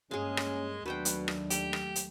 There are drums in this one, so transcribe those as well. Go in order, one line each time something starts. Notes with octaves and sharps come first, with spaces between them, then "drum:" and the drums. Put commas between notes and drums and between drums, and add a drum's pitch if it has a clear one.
G2 G#3 A#3 C#4 G#4 F5
drum: rim click
D#2 B2 F#3 A3 D4 B4 C5 G5
drum: hi-hat
drum: rim click
G4, drum: hi-hat
drum: rim click
drum: hi-hat